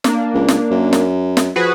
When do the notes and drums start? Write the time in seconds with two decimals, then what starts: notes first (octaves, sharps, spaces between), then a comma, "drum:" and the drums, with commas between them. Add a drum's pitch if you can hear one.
0.04 A#3 D4, drum: snare
0.34 C#2
0.48 drum: snare
0.71 F#2
0.93 drum: snare
1.37 drum: snare
1.56 F3 F#4 G#4 B4